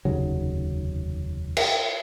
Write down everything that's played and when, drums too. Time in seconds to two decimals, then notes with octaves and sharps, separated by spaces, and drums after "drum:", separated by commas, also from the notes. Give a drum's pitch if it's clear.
0.05 F1 D#2 C#3 F#3
1.57 drum: cymbal